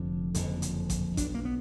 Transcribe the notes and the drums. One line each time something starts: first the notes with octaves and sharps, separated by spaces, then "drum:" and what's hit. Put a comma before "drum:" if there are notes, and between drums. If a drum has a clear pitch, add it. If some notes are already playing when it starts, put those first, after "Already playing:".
Already playing: F1 F2 D3
F#1 F2 D3, drum: hi-hat
drum: hi-hat
drum: kick G#1, hi-hat
B1 B2 D4, drum: kick G#1, hi-hat
A#3
B3